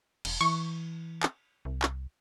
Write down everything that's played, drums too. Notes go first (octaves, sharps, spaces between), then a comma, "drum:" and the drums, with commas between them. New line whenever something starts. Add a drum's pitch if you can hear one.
E1, drum: cymbal
E3 C#6
drum: clap
C2
drum: clap